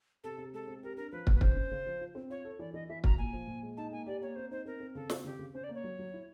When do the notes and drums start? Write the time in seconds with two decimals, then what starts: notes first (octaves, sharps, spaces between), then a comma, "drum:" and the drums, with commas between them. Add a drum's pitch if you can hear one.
0.24 C3 A4
0.38 C3
0.53 G#3 A4
0.67 C4
0.83 G4 A#4
0.97 D4 A#4
1.12 F3 B4
1.27 A#3, drum: kick
1.35 B4
1.41 C#4 C5, drum: kick
1.56 C#4
1.71 C#3
1.86 F3
2.01 F4
2.15 C4
2.30 F4 C#5
2.45 A4
2.59 E3 D5
2.74 E3 D#5
2.89 E3 E5
3.04 F#4 A#5, drum: kick
3.18 A#2 G#5
3.33 F3
3.47 A#2
3.63 G#3
3.77 D#4 A5
3.92 A#3 G#5
4.06 G4 D5
4.22 A#3 C#5
4.36 C4 C5
4.51 D#4 C5
4.65 C4 A#4
4.80 C4
4.95 C#3 A4
5.10 C4, drum: snare
5.24 C#3 G4
5.39 C#3
5.54 C#4 C5
5.64 D5
5.69 A#3
5.75 C#5
5.84 F#3
5.99 F#3
6.14 E4